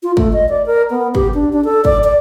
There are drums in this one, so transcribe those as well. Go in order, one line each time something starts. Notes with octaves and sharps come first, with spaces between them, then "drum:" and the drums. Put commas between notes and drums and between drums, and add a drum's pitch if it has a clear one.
F4
A3, drum: kick
D#5
D5
A#4
B3
G4, drum: kick
D4
D4
A4
D5, drum: kick
D5